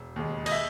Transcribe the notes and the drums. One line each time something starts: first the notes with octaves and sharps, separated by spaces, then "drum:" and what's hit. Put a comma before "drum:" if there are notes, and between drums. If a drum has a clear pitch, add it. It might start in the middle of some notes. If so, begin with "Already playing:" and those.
Already playing: E1
D#2 C#3 G#3
D#5, drum: cymbal
E5